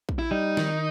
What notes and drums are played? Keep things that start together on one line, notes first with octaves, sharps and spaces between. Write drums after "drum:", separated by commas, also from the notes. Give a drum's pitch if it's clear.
drum: kick
E4
G3 D#4
D#3, drum: snare